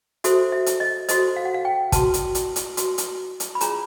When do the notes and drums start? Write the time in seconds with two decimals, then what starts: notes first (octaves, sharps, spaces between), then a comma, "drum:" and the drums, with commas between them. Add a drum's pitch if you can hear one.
0.24 F#4 A4 C5 E5, drum: hi-hat
0.52 E5
0.66 drum: hi-hat
0.80 D#5
1.09 F#4 A4 C5 D#5, drum: hi-hat
1.36 F5
1.45 F#5
1.54 F5
1.65 G5
1.92 F#4 B4 A5, drum: kick, hi-hat
2.14 drum: hi-hat
2.35 drum: hi-hat
2.56 drum: hi-hat
2.77 F#4 B4, drum: hi-hat
2.98 drum: hi-hat
3.40 drum: hi-hat
3.55 B5
3.61 D4 F4 G#4 C#5 A#5, drum: hi-hat